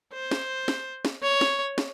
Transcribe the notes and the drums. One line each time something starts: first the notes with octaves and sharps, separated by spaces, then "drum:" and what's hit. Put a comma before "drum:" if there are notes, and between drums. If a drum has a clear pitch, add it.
C5
drum: snare
drum: snare
drum: snare
C#5
drum: snare
drum: snare